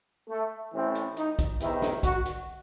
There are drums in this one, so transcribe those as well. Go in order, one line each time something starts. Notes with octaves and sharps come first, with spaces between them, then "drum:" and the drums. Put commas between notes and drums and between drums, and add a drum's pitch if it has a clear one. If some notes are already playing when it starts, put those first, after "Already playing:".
A3
A1 A2 E3 C4
drum: hi-hat
D#4, drum: hi-hat
drum: kick, hi-hat
E2 C3 D#3 E4, drum: hi-hat
drum: snare
F#4, drum: kick, hi-hat
drum: hi-hat